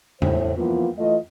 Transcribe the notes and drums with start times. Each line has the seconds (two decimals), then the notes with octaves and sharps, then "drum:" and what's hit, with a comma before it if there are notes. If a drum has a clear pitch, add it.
0.22 A2 C5, drum: tom E2
0.57 E3 F3 A#3 B3 F4
0.98 E3 A3 F4 D#5